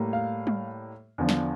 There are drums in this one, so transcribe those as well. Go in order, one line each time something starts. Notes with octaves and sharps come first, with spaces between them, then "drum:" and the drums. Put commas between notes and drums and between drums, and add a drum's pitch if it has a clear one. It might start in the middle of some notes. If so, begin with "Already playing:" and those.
Already playing: A2 G3 A#3
F5
drum: tom G3
E2 D3 F3
drum: snare